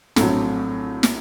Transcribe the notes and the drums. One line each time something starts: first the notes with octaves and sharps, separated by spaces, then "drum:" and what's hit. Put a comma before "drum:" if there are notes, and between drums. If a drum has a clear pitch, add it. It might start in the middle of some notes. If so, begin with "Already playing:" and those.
A#1 A2 F#3 A3 C4, drum: snare
drum: snare